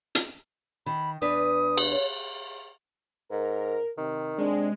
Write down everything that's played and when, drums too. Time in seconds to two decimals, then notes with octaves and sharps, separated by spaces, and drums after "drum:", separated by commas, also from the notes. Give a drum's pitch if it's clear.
0.15 drum: hi-hat
0.86 D#3 B5
1.22 E2 D4 B4 D#6
1.78 drum: cymbal
1.92 C#5
3.31 G#2 A#4
3.98 C3 D#3
4.38 C3 G#3 C4 D4